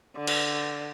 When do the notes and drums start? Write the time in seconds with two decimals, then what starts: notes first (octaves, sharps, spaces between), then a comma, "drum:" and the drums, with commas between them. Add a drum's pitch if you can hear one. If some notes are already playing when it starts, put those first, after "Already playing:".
0.16 D3
0.27 drum: cymbal